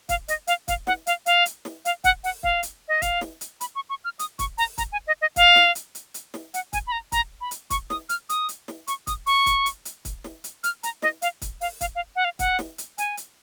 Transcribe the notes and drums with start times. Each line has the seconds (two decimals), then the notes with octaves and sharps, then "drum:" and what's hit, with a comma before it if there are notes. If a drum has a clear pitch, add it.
0.09 F5, drum: kick, hi-hat
0.28 D#5, drum: hi-hat
0.47 F5, drum: hi-hat
0.68 F5, drum: kick, hi-hat
0.87 F#5, drum: snare
1.07 F5, drum: hi-hat
1.26 F5, drum: hi-hat
1.46 drum: hi-hat
1.65 drum: snare
1.85 F5, drum: hi-hat
2.04 F#5, drum: kick, hi-hat
2.24 F#5, drum: open hi-hat
2.43 F5, drum: kick
2.63 drum: hi-hat
2.88 D#5
3.02 F5, drum: kick, hi-hat
3.21 drum: snare
3.41 drum: hi-hat
3.61 B5, drum: hi-hat
3.75 C#6
3.90 C#6
4.04 F6
4.19 D#6, drum: hi-hat
4.39 C#6, drum: kick, hi-hat
4.58 A#5, drum: open hi-hat
4.78 A#5, drum: kick, hi-hat
4.92 G#5
5.07 D#5
5.22 D#5
5.36 F5, drum: kick, hi-hat
5.56 drum: snare
5.75 drum: hi-hat
5.95 drum: hi-hat
6.14 drum: hi-hat
6.34 drum: snare
6.54 F#5, drum: hi-hat
6.73 G#5, drum: kick, hi-hat
6.87 B5
6.92 A#5
7.12 A#5, drum: kick, hi-hat
7.41 B5
7.51 drum: hi-hat
7.70 C#6, drum: kick, hi-hat
7.90 D#6, drum: snare
8.09 F6, drum: hi-hat
8.29 D#6, drum: hi-hat
8.49 drum: hi-hat
8.68 drum: snare
8.87 C#6, drum: hi-hat
9.07 D#6, drum: kick, hi-hat
9.26 C#6, drum: open hi-hat
9.46 drum: kick, hi-hat
9.66 drum: hi-hat
9.85 drum: hi-hat
10.05 drum: kick, hi-hat
10.24 drum: snare
10.44 drum: hi-hat
10.64 F6, drum: hi-hat
10.83 A#5, drum: hi-hat
11.02 D#5, drum: snare
11.22 F5, drum: hi-hat
11.42 drum: kick, hi-hat
11.61 F5, drum: open hi-hat
11.81 F5, drum: kick, hi-hat
11.95 F5
12.16 F#5
12.25 F5
12.39 F#5, drum: kick, hi-hat
12.59 drum: snare
12.78 drum: hi-hat
12.98 G#5, drum: hi-hat
13.17 drum: hi-hat